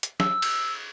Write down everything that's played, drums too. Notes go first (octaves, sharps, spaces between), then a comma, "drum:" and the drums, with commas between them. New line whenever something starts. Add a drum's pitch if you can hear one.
drum: hi-hat
E6, drum: snare
drum: cymbal